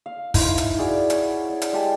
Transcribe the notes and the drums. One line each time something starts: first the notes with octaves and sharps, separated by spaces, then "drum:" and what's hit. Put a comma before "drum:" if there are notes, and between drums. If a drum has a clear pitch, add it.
F5
D#4 E4 F5, drum: kick, open hi-hat
drum: hi-hat
F#4 G#4 D5
C#5, drum: hi-hat
D5
drum: hi-hat
G#3 G4 A5